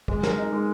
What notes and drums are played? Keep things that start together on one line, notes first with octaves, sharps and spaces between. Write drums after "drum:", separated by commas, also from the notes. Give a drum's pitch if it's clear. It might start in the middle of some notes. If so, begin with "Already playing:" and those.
G#3, drum: kick
A#4, drum: snare
D#4
G#3